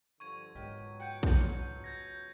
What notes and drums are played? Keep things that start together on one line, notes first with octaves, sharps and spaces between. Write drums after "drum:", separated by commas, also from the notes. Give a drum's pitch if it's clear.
G2 D3 F3 C#6 G#6 D#7
C#2 G#2 B2 F#3 G4 A#4 D#5
F#5 G5 G6 C#7
drum: kick A#1
F4 C#5
G6 G#6 A#6